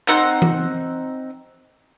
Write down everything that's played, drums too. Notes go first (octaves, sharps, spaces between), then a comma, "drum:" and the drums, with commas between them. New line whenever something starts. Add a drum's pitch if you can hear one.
C4 D#4 F#5, drum: clap
drum: tom E3